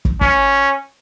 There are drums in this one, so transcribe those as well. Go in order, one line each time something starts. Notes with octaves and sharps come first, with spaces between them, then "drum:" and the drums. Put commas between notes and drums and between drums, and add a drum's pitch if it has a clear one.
drum: kick
C#4, drum: kick